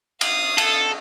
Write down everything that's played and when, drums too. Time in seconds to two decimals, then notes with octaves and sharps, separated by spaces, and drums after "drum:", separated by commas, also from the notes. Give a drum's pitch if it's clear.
0.21 F5 D#6, drum: cymbal
0.58 A4, drum: cymbal